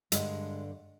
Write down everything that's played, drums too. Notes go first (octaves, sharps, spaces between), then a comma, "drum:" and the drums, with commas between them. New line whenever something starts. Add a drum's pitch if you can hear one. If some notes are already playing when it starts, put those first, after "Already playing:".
G2 D3 G#3, drum: hi-hat